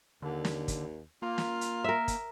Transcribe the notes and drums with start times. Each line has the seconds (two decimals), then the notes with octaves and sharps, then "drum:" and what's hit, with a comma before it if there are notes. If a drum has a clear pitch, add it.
0.22 D#2 D3
0.45 drum: snare
0.68 drum: kick, hi-hat
1.22 A#3 F4
1.38 drum: snare
1.61 drum: hi-hat
1.84 A#4 E5
2.08 drum: kick, hi-hat